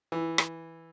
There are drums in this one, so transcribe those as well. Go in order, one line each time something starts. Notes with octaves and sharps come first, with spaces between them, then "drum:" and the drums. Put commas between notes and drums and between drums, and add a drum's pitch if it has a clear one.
E3
drum: rim click